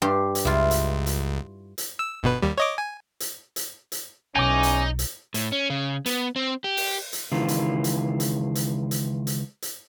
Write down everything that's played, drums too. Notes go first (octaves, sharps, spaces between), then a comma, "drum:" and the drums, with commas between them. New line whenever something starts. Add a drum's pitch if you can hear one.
G2 G4 C6
drum: hi-hat
C#2 E4 F4
drum: hi-hat
drum: hi-hat
drum: hi-hat
E6
G1 B2 B4
D#2 G3
C#5 D#5 D6
G#5
drum: hi-hat
drum: hi-hat
drum: hi-hat
B1 E2 C#4 D#4 G#5 D6
drum: hi-hat
drum: hi-hat
A2, drum: hi-hat
C#4
C#3
B3, drum: hi-hat
C4
G4
drum: open hi-hat
drum: hi-hat
C#2 D#3 E3 F4
drum: hi-hat
drum: hi-hat
drum: hi-hat
drum: hi-hat
drum: hi-hat
drum: hi-hat
drum: hi-hat